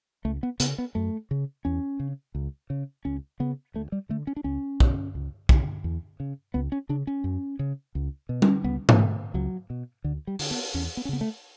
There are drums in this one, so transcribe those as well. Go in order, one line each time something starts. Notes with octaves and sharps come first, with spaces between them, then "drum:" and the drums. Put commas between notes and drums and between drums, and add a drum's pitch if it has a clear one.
C#2 A3
B3
C#3 B3, drum: hi-hat
B3
F#2 A3
C#3
E2 C#4
C#3
C#2
C#3
C#2 C#4
C#3 B3
D2 A3
G3
D3 A3
C#4
D4
C#2 C#4
B2, drum: kick
C#2
C#3, drum: kick
E2
C#3
C#2 B3
C#4
C#3 D4
C#4
F#2
C#3
C#2
B2
drum: tom G3
C#2 B3
drum: tom G#2
B2 A3
C#2 F#3
B2
D2 D3
G3
D3, drum: open hi-hat
B3
E2 C#4
B3
C#4
C#3 B3
A3